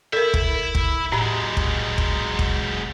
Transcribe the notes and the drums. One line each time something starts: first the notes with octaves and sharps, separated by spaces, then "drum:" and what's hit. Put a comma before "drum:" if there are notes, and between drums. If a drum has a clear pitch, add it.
E4 A4 A#4 E5
drum: kick
drum: kick
A2 F#3 G#3 B5
drum: kick
drum: kick
drum: kick